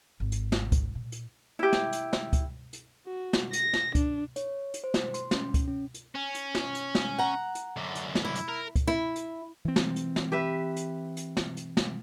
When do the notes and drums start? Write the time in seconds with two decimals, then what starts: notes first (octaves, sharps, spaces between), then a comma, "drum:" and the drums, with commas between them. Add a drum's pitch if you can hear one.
0.20 G#1
0.32 drum: hi-hat
0.52 drum: snare
0.72 drum: kick C#2, hi-hat
0.95 A#2
1.12 drum: hi-hat
1.59 E4 G4
1.73 drum: snare
1.93 drum: hi-hat
2.13 drum: snare
2.33 drum: kick C#2, hi-hat
2.73 drum: hi-hat
3.06 F#4
3.33 drum: snare
3.53 A#6, drum: hi-hat
3.73 drum: snare
3.95 D4, drum: kick C#2, hi-hat
4.36 C#5, drum: hi-hat
4.74 drum: hi-hat
4.84 C5
4.94 drum: snare
5.14 C6, drum: hi-hat
5.31 C#4, drum: snare
5.54 drum: kick C#2, hi-hat
5.68 C#4
5.94 drum: hi-hat
6.15 C#4
6.35 drum: hi-hat
6.55 drum: snare
6.75 drum: hi-hat
6.95 drum: snare
7.18 F#5 A#5
7.55 drum: hi-hat
7.76 F#2 D3
7.95 drum: hi-hat
8.15 drum: snare
8.25 E4
8.35 drum: hi-hat
8.48 A#4
8.76 drum: kick C#2, hi-hat
8.87 E4
9.16 drum: hi-hat
9.65 E3 C4
9.76 drum: snare
9.96 drum: hi-hat
10.16 drum: snare
10.32 G4 B4 E5
10.76 drum: hi-hat
11.17 drum: hi-hat
11.37 drum: snare
11.57 drum: hi-hat
11.77 drum: snare